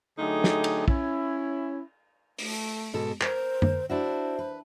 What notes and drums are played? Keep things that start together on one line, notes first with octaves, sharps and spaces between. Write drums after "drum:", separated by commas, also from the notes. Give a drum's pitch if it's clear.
D3 F#3 A3 D#4 G4 G#4
drum: snare
drum: cymbal
C#4 E4, drum: kick
A3, drum: open hi-hat
G#2 B2 A4
A#4 C5, drum: clap
drum: tom F#2
D4 E4 F#4 C5
B4